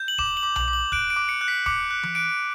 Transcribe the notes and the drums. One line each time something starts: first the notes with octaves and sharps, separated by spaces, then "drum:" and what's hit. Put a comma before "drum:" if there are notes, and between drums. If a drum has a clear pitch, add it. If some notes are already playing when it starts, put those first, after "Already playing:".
Already playing: G6
F#7
D6 E7, drum: kick
F#7
D6
F#7, drum: tom B1
D6
F#7
F#6 D7, drum: kick
D7
D6
C#7
F#6
B6
D6 C#7, drum: kick
F#6
drum: tom E3
F#6 D7